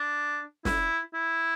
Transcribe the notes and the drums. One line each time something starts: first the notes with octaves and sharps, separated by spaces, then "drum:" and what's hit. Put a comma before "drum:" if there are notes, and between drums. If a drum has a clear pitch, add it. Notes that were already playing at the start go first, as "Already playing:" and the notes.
Already playing: D4
E4, drum: snare
E4